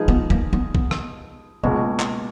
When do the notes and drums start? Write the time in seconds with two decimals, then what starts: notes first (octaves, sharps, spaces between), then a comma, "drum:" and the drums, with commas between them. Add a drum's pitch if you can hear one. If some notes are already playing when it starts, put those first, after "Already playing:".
Already playing: F3 G#3 D#4 G#4 B4
0.08 B3
0.30 A#3, drum: kick A#1
0.53 B3
0.75 B3, drum: kick A#1
0.91 drum: rim click
1.63 C#2 B2 G#3 A#3
2.00 drum: clap